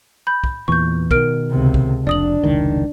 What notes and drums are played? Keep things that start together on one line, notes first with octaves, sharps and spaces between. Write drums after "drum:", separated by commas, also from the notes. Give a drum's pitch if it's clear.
B5 G6
drum: kick
E2 A#2 E3 C#6 G6
B2 D#3 A#4 F6 D7, drum: kick
C#2 C3
drum: kick
F1 D4 D5 D#6 F#7
F1 C#2 D#3